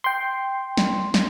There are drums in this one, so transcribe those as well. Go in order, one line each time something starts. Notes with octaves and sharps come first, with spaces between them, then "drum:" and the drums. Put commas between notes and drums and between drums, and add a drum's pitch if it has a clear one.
G5 C6
drum: snare
drum: snare